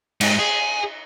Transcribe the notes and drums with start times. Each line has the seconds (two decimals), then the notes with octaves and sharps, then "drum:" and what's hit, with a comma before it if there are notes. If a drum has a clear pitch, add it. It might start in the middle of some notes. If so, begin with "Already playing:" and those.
0.21 G#2, drum: cymbal
0.39 G#4